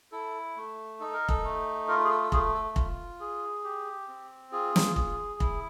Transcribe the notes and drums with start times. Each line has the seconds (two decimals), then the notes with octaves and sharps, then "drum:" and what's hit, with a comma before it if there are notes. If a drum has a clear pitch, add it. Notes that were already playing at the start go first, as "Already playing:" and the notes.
0.12 E4 A4
0.57 A3
1.00 D#4 A4
1.14 A#4
1.29 A4, drum: kick
1.44 A3
1.88 F4 A#4
2.05 G#4
2.10 A4
2.23 A4
2.32 A3 G#4, drum: kick
2.54 A4
2.76 F4, drum: kick
3.20 G#4
3.64 G4
4.08 C4
4.52 F4 G#4
4.76 drum: snare
4.96 G#4, drum: kick
5.40 E4, drum: kick